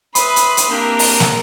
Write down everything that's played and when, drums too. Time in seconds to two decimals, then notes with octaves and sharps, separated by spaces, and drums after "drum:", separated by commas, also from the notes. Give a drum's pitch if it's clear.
0.15 B4 E5 B5 C6 D#6, drum: hi-hat
0.36 drum: hi-hat
0.57 drum: hi-hat
0.70 A#3 C4 D4 G4
0.99 drum: open hi-hat
1.20 drum: snare